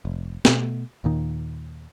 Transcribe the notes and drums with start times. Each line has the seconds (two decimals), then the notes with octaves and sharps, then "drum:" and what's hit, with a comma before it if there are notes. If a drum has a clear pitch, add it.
0.05 F1
0.45 B2 A3, drum: snare
1.04 D#2 A#2 D#3